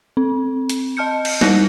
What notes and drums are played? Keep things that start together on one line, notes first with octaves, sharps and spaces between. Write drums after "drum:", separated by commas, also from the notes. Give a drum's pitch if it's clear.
C4
drum: hi-hat
D#5 A5 F6 G6 C#7
drum: cymbal
G3 D#4 F#6 G6 A#6 C#7, drum: snare